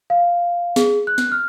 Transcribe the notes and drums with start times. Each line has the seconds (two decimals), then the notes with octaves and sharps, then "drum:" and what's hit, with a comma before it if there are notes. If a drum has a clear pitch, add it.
0.10 F5
0.76 G#4, drum: snare
1.07 F#6
1.18 drum: snare
1.32 F6